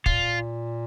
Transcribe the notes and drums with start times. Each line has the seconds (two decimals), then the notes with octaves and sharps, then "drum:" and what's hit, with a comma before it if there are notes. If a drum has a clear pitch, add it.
0.06 A#2 F4, drum: kick